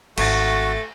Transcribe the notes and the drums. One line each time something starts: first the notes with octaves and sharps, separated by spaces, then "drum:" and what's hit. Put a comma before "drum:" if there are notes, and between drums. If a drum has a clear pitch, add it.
G#1 A3 F#4 A6 A#6, drum: cymbal